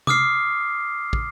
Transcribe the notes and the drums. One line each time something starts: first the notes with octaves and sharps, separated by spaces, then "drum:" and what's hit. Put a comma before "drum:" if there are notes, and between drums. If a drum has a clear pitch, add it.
D6 D#6 F6 C7, drum: tom C3
drum: kick